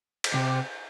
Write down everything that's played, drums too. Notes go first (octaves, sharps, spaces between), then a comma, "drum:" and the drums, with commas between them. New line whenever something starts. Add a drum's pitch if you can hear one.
drum: cymbal
C3